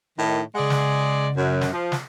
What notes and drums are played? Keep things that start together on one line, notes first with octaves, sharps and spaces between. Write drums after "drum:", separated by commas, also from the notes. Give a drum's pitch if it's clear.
A2 D#3
C#3 G#3 G#4 D5 F#5
drum: snare
F#2
drum: snare
F3
drum: snare